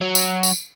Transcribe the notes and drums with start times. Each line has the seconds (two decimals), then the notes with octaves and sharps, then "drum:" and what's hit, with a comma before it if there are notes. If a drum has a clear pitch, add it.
0.01 F#3
0.15 drum: tambourine
0.43 drum: tambourine